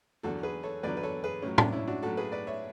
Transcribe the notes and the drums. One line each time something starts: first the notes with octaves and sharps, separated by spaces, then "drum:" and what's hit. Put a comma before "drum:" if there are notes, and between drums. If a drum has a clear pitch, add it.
E2 D3 F#3 F#4 A4
G#4 B4
A4 C#5
E2 D3 F#3 B4 D5
B4
A4 C#5
G#4 B4
A2 F#3 C#4
D4, drum: tom
C#4 E4
D4 F#4
A2 F#3 F#4 A4
G#4 B4
B4 D5
C#5 E5